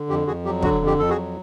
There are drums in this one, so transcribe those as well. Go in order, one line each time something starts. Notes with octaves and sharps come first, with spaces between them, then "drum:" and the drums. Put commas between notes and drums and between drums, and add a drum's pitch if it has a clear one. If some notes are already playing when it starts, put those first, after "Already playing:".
Already playing: D3
F2 G4
F2 F#4 G#4
F#3 G4
D3 F#4, drum: kick
F2
G4
F2 A4
F#4 G#4
F#3